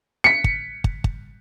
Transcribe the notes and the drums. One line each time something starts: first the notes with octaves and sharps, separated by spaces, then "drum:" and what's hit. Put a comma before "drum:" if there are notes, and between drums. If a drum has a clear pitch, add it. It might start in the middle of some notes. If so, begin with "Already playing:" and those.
B6 C#7
drum: kick
drum: kick
drum: kick